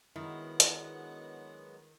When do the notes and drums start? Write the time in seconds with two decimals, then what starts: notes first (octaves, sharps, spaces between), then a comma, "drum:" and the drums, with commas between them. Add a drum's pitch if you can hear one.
0.16 D#3 F#3 G#3 B3 D4 E4 F#5
0.60 drum: hi-hat